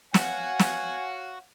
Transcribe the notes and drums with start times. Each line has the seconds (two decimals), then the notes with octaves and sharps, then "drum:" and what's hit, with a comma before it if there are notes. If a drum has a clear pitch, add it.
0.14 F#4 C#5 F5 F#5 G#5, drum: snare
0.59 drum: snare